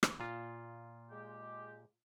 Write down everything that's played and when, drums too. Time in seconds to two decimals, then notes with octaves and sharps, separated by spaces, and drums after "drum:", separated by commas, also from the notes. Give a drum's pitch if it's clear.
0.03 drum: rim click
0.20 A#2 F4
1.10 G#3 G4